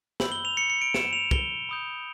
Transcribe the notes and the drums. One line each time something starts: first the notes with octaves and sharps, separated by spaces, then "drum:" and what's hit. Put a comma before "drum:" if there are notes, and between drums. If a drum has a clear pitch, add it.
B5 E6 G6 F#7, drum: snare
G7
F7
C#7
C#7
D7
E7, drum: snare
F7
G7, drum: kick
B5 D#6 G6